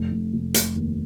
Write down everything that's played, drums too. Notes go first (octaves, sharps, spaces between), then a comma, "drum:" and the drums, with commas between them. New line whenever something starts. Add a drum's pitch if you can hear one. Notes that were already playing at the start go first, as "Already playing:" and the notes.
Already playing: F1
F1
F1
F1, drum: hi-hat
D#2